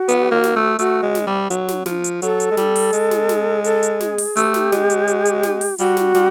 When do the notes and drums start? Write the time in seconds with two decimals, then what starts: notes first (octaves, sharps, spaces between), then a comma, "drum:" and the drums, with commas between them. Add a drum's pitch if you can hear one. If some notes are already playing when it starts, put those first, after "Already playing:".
Already playing: F#4
0.08 B3, drum: hi-hat
0.31 A#3
0.44 drum: snare
0.56 A3
0.79 A3 F#4, drum: hi-hat
1.03 G#3
1.15 drum: snare
1.27 G3
1.50 F#3, drum: hi-hat
1.68 drum: snare
1.86 F3, drum: snare
2.04 drum: hi-hat
2.22 F#3 A4, drum: hi-hat
2.40 drum: hi-hat
2.51 G#3
2.57 G3, drum: snare
2.76 drum: open hi-hat
2.93 G#3, drum: hi-hat
3.11 drum: snare
3.29 drum: snare
3.64 A4, drum: hi-hat
3.83 drum: hi-hat
4.00 G#4, drum: snare
4.18 drum: open hi-hat
4.37 A3 G4, drum: hi-hat
4.54 drum: snare
4.72 G#3, drum: snare
4.90 drum: hi-hat
5.07 drum: hi-hat
5.25 drum: hi-hat
5.43 drum: snare
5.61 drum: open hi-hat
5.78 G3 F#4, drum: hi-hat
5.97 drum: snare
6.14 G3, drum: snare